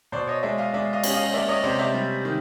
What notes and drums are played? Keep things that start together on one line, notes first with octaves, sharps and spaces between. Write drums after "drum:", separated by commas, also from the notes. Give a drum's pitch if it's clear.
B2 C5 D5
C#5 D#5
G#3 D5 E5
D#5 F5
G#3 D5 E5
D#5 F5
C#4, drum: cymbal
D#5 F5
A#3 D5 E5
C#5 D#5
C3 C5 D5
D5 E5
G3
D#3